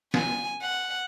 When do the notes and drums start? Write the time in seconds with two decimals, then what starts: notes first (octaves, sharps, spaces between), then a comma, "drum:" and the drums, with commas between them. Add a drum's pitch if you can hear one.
0.14 G#5, drum: snare
0.62 F#5